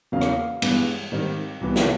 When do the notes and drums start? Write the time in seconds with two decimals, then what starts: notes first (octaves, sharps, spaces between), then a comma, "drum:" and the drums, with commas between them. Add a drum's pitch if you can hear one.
0.12 E2 C#3 F#3 A#3 F5
0.21 drum: rim click
0.62 G2 E3 G#3 B3, drum: cymbal
1.12 G#2 D#3 G3 C4
1.61 C2 C3 E3 G3 B3
1.76 drum: snare